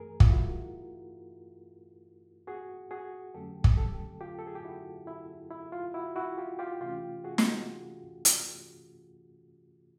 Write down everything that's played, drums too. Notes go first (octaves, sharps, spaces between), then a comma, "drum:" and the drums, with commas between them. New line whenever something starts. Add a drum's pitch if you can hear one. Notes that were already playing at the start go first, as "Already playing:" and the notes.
Already playing: G2 E3 A3 G#4 A#4
F4, drum: kick
E4 F#4
F#4 G#4
F#4 G#4
F2 D3 F#3 A3 C#4 G4 A4
drum: kick
G4 A4
F4 G4
A4
G#4
G4
E4 F#4
E4
E4
F4
E4 F#4
E4 F#4
F4 G4
F4 G4
C3 E3 A3 C#4 F4 G4
F#4 G#4
drum: snare
drum: hi-hat